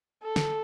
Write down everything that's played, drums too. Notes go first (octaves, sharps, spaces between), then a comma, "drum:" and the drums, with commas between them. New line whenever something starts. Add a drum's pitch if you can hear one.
A4
drum: snare